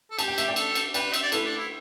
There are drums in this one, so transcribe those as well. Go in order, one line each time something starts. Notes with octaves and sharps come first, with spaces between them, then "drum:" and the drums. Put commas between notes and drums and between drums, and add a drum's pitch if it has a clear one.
A4
G4 A5, drum: cymbal
G5
E5, drum: cymbal
D5 G5
A4, drum: cymbal
drum: cymbal
B4 D5 G5, drum: cymbal
E5, drum: cymbal
D5
E4 A4 B4, drum: cymbal
D4
E4